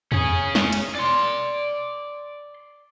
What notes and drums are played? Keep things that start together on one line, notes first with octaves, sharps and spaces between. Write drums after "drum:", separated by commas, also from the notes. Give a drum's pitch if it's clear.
C#4 G#4, drum: tom E2
drum: snare
drum: hi-hat
D5 C6